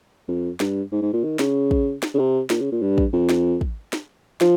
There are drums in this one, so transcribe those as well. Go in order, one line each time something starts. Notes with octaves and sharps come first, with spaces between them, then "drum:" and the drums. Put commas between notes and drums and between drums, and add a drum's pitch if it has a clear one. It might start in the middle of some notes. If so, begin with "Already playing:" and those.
F2
G2, drum: snare
G#2
G#2
A#2
D#3
C#3, drum: snare
drum: kick
drum: snare
C#3
C3
A#2, drum: snare
C#3
A#2
G2
drum: kick
F2
drum: snare
drum: kick
drum: snare
F3, drum: snare